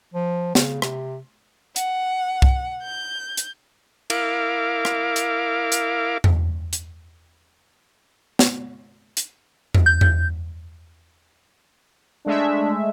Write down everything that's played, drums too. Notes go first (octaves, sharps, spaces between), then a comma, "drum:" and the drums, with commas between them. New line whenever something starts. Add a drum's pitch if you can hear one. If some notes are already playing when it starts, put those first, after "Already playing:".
F3
C#3, drum: snare
C3, drum: rim click
F#5, drum: hi-hat
drum: kick
G6
drum: hi-hat
E4 A#4 F5 D6, drum: cymbal
drum: rim click
drum: hi-hat
drum: hi-hat
drum: tom E2
drum: hi-hat
drum: snare
drum: hi-hat
drum: tom E2
G6
drum: tom E2
G#3 A3 D4 E5